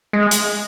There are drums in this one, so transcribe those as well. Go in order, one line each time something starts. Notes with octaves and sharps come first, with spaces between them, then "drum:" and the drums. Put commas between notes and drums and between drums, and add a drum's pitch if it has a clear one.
G#3
drum: hi-hat